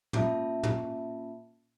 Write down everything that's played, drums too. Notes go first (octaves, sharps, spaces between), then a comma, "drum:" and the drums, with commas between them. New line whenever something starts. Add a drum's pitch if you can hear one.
A#3 C#4 F4 E5 A5, drum: tom
drum: tom